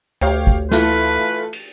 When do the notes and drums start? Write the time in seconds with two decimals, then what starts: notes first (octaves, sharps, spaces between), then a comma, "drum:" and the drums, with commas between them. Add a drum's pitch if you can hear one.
0.21 D2 G4 C#5 F5
0.47 drum: kick
0.71 E3 A3 F4 B4, drum: snare
1.53 drum: cymbal